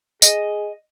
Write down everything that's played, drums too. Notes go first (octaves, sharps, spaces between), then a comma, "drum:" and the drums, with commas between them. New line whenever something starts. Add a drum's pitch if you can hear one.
G#4 D#5, drum: tambourine